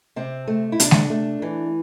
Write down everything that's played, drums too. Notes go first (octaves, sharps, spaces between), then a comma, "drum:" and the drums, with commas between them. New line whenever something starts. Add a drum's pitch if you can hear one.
C3 C4
A3
E4
C3 D4, drum: hi-hat
drum: snare G#3
A3
E3